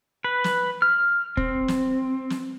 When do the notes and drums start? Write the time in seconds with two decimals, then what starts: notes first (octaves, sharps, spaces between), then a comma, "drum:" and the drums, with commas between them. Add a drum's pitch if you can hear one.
0.24 B4
0.44 drum: snare
0.82 F6
1.37 C4, drum: kick
1.68 drum: snare
2.30 drum: snare